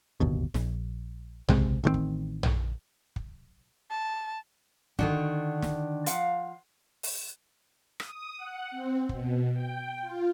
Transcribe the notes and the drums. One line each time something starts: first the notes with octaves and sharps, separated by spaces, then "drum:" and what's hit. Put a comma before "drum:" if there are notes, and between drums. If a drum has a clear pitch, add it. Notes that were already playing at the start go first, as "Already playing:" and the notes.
D1 G1 D#2 B2
A#1, drum: snare
C#2 C3 G#3 C4, drum: tom A#1
A1 D#3 G3 C4
drum: kick
drum: tom A#1
drum: kick
A5
D3 D#3 D4 F#4, drum: kick
drum: snare
F3 F5 F#5, drum: hi-hat
drum: open hi-hat
D#6, drum: rim click
F#5
C4
B2, drum: kick
G5
F4